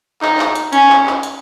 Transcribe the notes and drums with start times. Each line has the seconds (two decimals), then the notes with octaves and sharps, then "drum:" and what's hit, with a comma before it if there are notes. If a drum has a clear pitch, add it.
0.22 D#4, drum: clap
0.39 drum: clap
0.55 drum: hi-hat
0.73 C#4, drum: hi-hat
0.89 drum: clap
1.06 drum: clap
1.23 drum: hi-hat